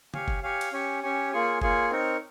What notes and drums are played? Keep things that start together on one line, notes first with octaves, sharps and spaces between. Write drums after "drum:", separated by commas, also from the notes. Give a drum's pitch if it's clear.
G4 C#5 F5 G#5, drum: tom C#3
drum: kick F#1
G4 C#5 F5 G#5
drum: cymbal
C#4 G4 C#5 G#5
C#4 G4 C#5 G#5
A#3 F4 G#4 C#5 G#5
A#3 F4 G#4 C#5 G#5, drum: kick F#1
C4 D#4 A#4 C#5